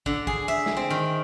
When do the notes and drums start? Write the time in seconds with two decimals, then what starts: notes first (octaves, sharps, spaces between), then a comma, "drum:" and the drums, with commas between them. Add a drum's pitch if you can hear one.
0.06 D3, drum: kick
0.27 G#4, drum: kick
0.48 E5
0.66 drum: snare
0.77 C4
0.90 D#3